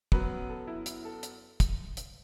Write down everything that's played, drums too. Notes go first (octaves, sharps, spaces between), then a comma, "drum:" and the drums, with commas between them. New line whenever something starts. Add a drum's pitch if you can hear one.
F#2 F#3 B3 B4, drum: kick
A4
E4
E4, drum: hi-hat
A4
drum: hi-hat
drum: kick, hi-hat
drum: hi-hat